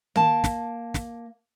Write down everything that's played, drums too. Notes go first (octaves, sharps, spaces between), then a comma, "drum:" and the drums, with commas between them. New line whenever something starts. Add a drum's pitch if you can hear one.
A#3 A5, drum: tom D#3
drum: snare
drum: snare